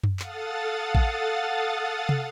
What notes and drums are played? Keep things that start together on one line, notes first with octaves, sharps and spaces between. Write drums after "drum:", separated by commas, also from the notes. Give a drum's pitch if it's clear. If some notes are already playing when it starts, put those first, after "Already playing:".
drum: tom F#2
A4 F5 F#5 D#6 A6, drum: clap
drum: kick A1
drum: tom